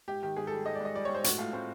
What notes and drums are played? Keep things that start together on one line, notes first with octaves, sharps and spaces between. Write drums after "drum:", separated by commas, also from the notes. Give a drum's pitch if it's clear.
G#2 G4
D#3 G4
G#2 G#4
A4
G3
G#2 D#5
D5
G#2 D#5
G3 D5
C#5
G#2
C5
A2 F#4, drum: hi-hat
A2 F4
A2 C4